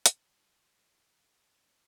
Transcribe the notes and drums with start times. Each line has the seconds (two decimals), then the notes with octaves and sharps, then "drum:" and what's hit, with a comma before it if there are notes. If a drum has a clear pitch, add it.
0.06 D#3, drum: hi-hat
0.43 F3
1.52 F3